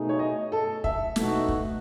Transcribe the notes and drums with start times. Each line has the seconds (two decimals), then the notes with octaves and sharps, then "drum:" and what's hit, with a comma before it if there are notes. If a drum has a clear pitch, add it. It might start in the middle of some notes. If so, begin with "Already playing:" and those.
Already playing: B2 A3 D#4 G#4
0.09 C#5
0.19 D#5
0.52 A4
0.84 E5, drum: kick
1.16 B2 A3 D#4 F#4, drum: snare
1.48 drum: kick